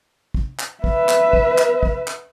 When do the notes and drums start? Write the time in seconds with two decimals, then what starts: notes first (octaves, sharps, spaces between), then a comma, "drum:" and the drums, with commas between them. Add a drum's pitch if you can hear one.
0.34 drum: kick
0.59 drum: clap
0.84 B4 E5, drum: kick
1.09 drum: clap
1.33 drum: kick
1.58 drum: clap
1.83 drum: kick
2.07 drum: clap